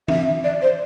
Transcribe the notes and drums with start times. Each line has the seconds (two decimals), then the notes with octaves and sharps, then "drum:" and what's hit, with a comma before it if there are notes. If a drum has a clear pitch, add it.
0.08 E5, drum: tom
0.44 D5
0.62 C5